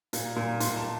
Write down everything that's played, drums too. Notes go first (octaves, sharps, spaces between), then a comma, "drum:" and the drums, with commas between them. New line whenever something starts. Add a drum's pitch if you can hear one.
A#2, drum: hi-hat
A#2
A#2 C6, drum: hi-hat
A5